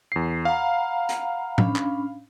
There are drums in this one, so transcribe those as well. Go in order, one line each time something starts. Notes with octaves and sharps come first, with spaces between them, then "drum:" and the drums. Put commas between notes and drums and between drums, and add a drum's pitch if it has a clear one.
E2 C7
F5 F#5 A#5 B5
drum: hi-hat
C#4 D4 B5, drum: tom A2
drum: clap